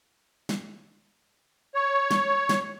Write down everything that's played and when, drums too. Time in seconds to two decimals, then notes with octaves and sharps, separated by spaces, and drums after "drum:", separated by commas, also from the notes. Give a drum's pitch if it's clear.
0.49 drum: snare
1.75 C#5
2.11 drum: snare
2.49 drum: snare